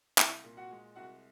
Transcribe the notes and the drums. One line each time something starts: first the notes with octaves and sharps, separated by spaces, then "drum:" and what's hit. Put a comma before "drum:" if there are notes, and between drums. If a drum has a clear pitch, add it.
C2 E4 E5, drum: clap
A#2
F#4 F#5
G#3
C2 F#4 F#5